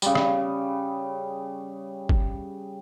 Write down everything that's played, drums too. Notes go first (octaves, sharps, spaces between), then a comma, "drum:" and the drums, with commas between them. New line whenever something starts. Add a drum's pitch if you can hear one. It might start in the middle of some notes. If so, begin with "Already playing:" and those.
C#3 G3, drum: tambourine
drum: rim click
drum: kick G1